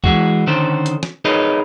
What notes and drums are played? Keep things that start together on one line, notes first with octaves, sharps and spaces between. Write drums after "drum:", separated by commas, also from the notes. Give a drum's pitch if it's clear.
E3 G#3 F#4, drum: kick C2
D3 D#3 C#4 A4 C5
drum: hi-hat
drum: snare
D#4 G#4 A#4 B4 C#5 D#5